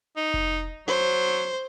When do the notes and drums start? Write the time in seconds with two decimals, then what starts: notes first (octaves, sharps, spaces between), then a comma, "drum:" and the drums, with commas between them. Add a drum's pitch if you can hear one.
0.16 D#4
0.34 drum: kick F1
0.88 F#3 C5